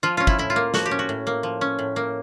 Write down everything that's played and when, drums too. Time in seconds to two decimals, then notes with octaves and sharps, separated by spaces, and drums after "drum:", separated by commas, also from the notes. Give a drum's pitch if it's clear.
0.03 F3 F4
0.17 C#4 F4
0.27 E4, drum: kick
0.39 A2 E4
0.50 F4
0.56 A#3
0.74 F3 F#4, drum: snare
0.86 G4
0.91 C#4
0.99 F#4
1.09 A2
1.27 A#3
1.43 F3
1.61 C#4
1.79 A2
1.96 A#3